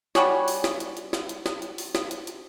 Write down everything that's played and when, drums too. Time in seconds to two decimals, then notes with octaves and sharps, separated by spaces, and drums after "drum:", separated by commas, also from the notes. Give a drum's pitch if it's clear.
0.15 G3 F#4 G#4 C#5, drum: snare
0.48 drum: open hi-hat
0.64 drum: snare
0.80 drum: hi-hat
0.97 drum: hi-hat
1.13 drum: snare
1.29 drum: hi-hat
1.46 drum: snare
1.62 drum: hi-hat
1.78 drum: open hi-hat
1.95 drum: snare
2.11 drum: hi-hat
2.27 drum: hi-hat